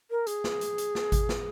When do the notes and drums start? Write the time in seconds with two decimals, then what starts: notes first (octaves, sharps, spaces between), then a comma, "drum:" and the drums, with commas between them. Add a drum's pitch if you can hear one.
0.11 A#4
0.27 G#4, drum: hi-hat
0.44 drum: snare
0.61 drum: hi-hat
0.78 drum: hi-hat
0.95 drum: snare
1.12 drum: kick G#1, hi-hat
1.29 drum: snare